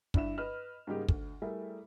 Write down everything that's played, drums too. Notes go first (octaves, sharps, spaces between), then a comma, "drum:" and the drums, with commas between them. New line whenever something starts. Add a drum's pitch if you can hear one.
G2 D4 E4 E5 E7, drum: kick
B4 D#5 F6
G#2 C#3 G3 A#3 D#4 G4
D2, drum: kick
G3 A3 E4 G#4 A#4 E5